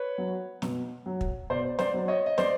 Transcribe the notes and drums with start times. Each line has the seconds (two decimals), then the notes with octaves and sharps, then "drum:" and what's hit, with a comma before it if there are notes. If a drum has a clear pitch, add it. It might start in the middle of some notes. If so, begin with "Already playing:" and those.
Already playing: B4 C#5
0.18 F#3
0.62 B2, drum: snare
1.06 F#3
1.21 drum: kick
1.50 B2 C5 D5
1.79 C5 D5, drum: snare
1.94 F#3
2.08 C#5 D#5
2.26 D#5
2.38 C5 D5, drum: snare